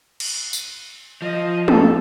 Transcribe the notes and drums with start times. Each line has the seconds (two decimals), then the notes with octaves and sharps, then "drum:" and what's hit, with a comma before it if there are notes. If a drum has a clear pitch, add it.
0.20 drum: cymbal
0.53 drum: tambourine
1.22 F3 D#5
1.68 A4, drum: tom